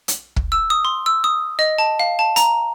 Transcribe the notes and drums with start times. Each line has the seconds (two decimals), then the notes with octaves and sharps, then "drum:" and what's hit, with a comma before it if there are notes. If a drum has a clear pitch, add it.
0.08 drum: hi-hat
0.36 drum: kick
0.52 E6
0.70 D#6
0.85 C6
1.06 E6
1.24 D#6
1.59 D#5
1.78 A5
2.00 F5
2.19 A5
2.36 A#5, drum: hi-hat